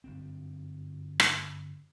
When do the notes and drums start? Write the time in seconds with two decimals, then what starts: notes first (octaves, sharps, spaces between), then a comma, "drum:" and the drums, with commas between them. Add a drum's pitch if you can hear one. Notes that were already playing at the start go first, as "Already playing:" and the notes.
0.04 G1 F#2 C4
1.20 drum: rim click